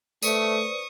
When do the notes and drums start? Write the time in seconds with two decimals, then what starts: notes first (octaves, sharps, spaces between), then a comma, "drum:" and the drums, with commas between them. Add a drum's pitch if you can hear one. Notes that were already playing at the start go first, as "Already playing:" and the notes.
0.23 A3 B4 C5 D5 C#6 D#6, drum: tambourine